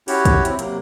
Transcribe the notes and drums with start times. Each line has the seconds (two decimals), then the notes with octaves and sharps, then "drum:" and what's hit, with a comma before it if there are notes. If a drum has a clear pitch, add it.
0.08 C#4 E4 F#4 G4 C#5, drum: open hi-hat
0.25 drum: kick, hi-hat
0.45 C4 E4, drum: hi-hat
0.59 C3 F#3 A#3, drum: hi-hat